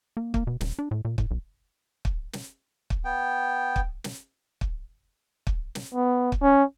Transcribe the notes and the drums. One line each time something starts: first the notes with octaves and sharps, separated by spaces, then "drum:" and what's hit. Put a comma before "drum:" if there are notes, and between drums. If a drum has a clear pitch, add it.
A#3
A#3, drum: kick
B2
D#1, drum: snare
D4
A2
A#2
A2, drum: kick
B1
drum: kick
drum: snare
drum: kick
B3 G5
drum: kick
drum: snare
drum: kick
drum: kick
drum: snare
B3
drum: kick
C#4